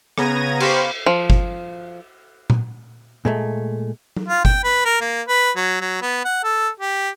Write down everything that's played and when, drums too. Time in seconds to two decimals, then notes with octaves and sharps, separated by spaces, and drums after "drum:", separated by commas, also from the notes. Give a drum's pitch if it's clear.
0.18 C#3 B3 A#5 G#6 A#6 D#7, drum: rim click
0.60 G4 C5 F5 B5 C#6, drum: cymbal
1.06 F3
1.30 drum: kick G1
2.50 drum: tom A#2
3.25 A#2 G#3 A3
4.17 drum: tom F#3
4.28 F4
4.45 G5, drum: kick G1
4.64 B4
4.85 A#4
5.01 A#3
5.28 B4
5.56 F#3
5.81 F#3
6.02 B3
6.24 F#5
6.44 A4
6.80 G4